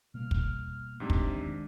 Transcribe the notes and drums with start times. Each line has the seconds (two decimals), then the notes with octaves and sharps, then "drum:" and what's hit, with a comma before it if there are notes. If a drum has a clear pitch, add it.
0.14 B2 G3 A#3 F6
0.31 drum: kick
1.00 G#2 C3 F#3 A3 D4
1.10 drum: kick
1.36 D#3 G#3